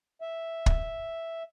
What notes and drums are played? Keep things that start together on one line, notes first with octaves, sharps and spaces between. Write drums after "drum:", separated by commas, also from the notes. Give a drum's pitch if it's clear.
E5
drum: kick